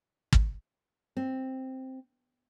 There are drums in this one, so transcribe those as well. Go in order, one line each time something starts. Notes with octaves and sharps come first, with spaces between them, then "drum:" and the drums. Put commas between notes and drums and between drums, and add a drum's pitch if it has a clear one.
drum: kick
C4